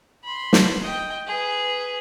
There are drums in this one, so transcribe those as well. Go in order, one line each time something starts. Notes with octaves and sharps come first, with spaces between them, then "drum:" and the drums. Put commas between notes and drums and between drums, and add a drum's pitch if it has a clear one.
B5 C6
drum: snare
D#5 G5
G#4 B4